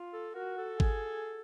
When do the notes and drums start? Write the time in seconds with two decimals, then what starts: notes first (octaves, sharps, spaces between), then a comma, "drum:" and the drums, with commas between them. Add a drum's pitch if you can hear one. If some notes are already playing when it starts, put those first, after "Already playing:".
Already playing: F4
0.13 A4
0.35 F#4 A#4
0.58 A4
0.80 G#4, drum: kick